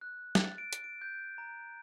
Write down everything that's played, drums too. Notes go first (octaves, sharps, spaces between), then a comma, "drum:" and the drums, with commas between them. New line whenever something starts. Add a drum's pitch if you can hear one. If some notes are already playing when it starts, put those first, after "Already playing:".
F#6
A6, drum: snare
D7
drum: hi-hat
D7
G6
A#5